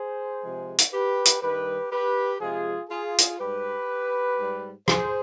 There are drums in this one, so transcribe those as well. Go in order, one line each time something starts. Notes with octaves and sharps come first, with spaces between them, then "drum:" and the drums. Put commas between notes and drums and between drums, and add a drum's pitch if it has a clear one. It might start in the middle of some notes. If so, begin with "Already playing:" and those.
Already playing: G#4 C5
C3 F3 G#3
drum: hi-hat
G4 B4
drum: hi-hat
G2 D#3 G3 G4 B4
G4 B4
C3 F3 G#3 F4 G#4
F4 G#4
drum: hi-hat
G#2 G3 G4 B4
G#2 G3
G#4 C5, drum: rim click